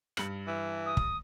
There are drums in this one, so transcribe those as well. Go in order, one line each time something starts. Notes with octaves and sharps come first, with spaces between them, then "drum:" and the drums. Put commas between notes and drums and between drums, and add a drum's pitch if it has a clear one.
G2 C#7 F#7, drum: rim click
E3
D#6
drum: kick